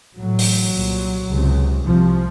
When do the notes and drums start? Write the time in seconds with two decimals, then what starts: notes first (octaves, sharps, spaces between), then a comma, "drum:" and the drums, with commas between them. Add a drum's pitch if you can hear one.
0.17 A1 A2 F#3
0.39 drum: open hi-hat
0.72 C2 A#2
1.28 C#2 C3
1.83 C2 C3 F3